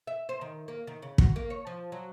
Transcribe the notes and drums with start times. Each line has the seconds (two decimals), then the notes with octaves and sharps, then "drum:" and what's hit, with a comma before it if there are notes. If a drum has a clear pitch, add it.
0.07 E5
0.29 C5
0.41 D#3
0.68 A#3
0.87 D#3
1.02 C#3
1.18 F#4, drum: kick
1.36 A#3
1.50 C#5
1.67 F3
1.92 F#3